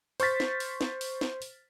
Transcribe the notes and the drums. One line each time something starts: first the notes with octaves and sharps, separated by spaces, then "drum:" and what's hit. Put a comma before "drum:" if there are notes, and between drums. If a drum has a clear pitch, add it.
C5 C#6 F6 A6 B6, drum: open hi-hat
drum: snare
drum: open hi-hat
drum: snare
drum: open hi-hat
drum: snare
drum: open hi-hat